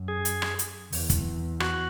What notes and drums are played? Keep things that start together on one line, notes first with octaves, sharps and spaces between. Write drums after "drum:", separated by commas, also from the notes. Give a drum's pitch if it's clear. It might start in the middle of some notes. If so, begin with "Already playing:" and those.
Already playing: F#2
G#4
drum: hi-hat
drum: rim click
drum: hi-hat
E2, drum: open hi-hat
drum: kick, hi-hat
F#4, drum: rim click